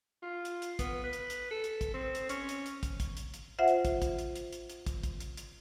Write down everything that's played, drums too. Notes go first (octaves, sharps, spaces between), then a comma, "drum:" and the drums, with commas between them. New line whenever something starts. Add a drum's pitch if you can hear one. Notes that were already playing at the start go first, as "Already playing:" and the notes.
F4
drum: hi-hat
drum: hi-hat
B3, drum: kick, hi-hat
B4
drum: hi-hat
drum: hi-hat
A4
drum: hi-hat
drum: kick, hi-hat
C4
drum: hi-hat
C#4, drum: hi-hat
drum: hi-hat
drum: hi-hat
drum: kick, hi-hat
drum: kick, hi-hat
drum: hi-hat
drum: hi-hat
F4 C5 E5 F#5
drum: hi-hat
drum: kick, hi-hat
drum: kick, hi-hat
drum: hi-hat
drum: hi-hat
drum: hi-hat
drum: hi-hat
drum: kick, hi-hat
drum: kick, hi-hat
drum: hi-hat
drum: hi-hat